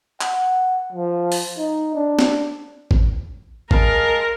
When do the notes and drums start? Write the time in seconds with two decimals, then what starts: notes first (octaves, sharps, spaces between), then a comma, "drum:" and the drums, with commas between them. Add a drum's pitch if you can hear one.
0.21 F#5, drum: clap
0.92 F3
1.32 drum: open hi-hat
1.57 D#4
1.95 D4
2.19 drum: snare
2.91 drum: kick
3.71 G#3 A#4 F5 A5, drum: kick